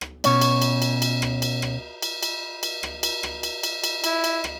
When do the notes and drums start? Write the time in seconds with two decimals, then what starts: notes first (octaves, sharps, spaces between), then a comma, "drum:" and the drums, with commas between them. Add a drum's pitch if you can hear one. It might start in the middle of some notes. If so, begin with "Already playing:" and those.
0.01 drum: rim click
0.24 B2 C#4 C#5, drum: cymbal
0.41 drum: cymbal
0.62 drum: cymbal
0.82 drum: cymbal
1.02 drum: cymbal
1.22 drum: rim click
1.42 drum: cymbal
1.62 drum: rim click
2.02 drum: cymbal
2.23 drum: cymbal
2.63 drum: cymbal
2.83 drum: rim click
3.03 drum: cymbal
3.23 drum: rim click
3.43 drum: cymbal
3.63 drum: cymbal
3.84 drum: cymbal
4.04 E4, drum: cymbal
4.24 drum: cymbal
4.44 drum: rim click